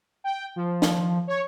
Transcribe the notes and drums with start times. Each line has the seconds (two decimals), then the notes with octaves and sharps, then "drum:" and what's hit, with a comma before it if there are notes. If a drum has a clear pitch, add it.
0.24 G5
0.56 F3
0.82 drum: snare
1.28 C#5